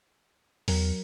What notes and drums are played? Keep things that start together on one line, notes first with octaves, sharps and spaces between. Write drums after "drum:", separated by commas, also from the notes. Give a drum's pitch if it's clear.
E2 F#3 A#4, drum: open hi-hat